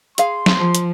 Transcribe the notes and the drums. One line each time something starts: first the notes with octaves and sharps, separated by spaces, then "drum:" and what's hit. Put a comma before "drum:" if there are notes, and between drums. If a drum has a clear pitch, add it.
G#4 F5 C6, drum: hi-hat
drum: snare
F3
drum: hi-hat